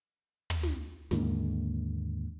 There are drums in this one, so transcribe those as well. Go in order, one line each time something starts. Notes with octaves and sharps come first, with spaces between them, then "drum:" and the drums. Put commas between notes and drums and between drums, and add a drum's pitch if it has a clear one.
drum: tom
drum: snare
D#2 G#2 D3 A#3, drum: snare